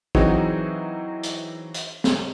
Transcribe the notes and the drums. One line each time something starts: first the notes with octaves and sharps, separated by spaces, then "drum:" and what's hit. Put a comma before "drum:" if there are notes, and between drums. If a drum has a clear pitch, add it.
E3 F#3 C4 D#4 F#4 G#4, drum: kick
drum: hi-hat
drum: hi-hat
drum: snare